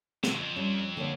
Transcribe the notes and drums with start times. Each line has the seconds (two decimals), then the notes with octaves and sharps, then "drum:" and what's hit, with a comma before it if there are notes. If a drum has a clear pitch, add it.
0.24 A2 C3, drum: snare
0.38 F2
0.56 G3 C#4
0.97 D3 A#3 C#5